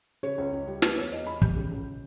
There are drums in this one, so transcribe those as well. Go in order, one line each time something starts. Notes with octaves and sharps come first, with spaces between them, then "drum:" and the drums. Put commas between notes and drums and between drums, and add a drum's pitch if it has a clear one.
C#3 C#5
C#2
C#2
G3
A#3 B4, drum: snare
E2 C#5
E2 D#5
E2 B5
G3 G6, drum: kick
C#3
C#2